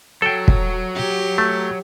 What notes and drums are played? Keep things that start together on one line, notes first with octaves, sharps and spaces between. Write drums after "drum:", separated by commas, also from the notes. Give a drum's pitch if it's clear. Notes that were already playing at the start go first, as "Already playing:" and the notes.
F#3 A4 G5
drum: kick
G4
A3